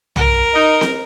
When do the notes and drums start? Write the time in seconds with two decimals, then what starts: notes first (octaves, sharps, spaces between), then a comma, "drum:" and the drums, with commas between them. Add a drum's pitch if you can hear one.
0.16 A#4, drum: tom
0.54 D#4
0.81 drum: snare C4